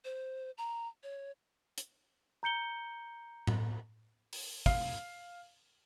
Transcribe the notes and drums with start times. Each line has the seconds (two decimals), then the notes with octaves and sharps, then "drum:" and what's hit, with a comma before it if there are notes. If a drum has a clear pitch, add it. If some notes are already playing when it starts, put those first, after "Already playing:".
0.05 C5
0.58 A#5
1.03 C#5
1.78 drum: hi-hat
2.43 A#5 G6 C#7 G7
3.47 drum: tom A2
4.33 drum: open hi-hat
4.66 F5, drum: kick